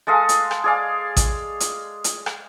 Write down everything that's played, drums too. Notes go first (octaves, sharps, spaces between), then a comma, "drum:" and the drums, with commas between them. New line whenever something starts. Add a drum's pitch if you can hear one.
G#3 A4 D#5 F5
drum: hi-hat
drum: rim click
G#4 D5 F5
drum: kick A1, hi-hat
drum: hi-hat
drum: hi-hat
drum: rim click